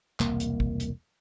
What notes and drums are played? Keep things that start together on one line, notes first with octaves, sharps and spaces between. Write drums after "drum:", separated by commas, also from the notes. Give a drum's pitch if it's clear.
E1 C2 A#3, drum: clap
drum: hi-hat
drum: kick
drum: hi-hat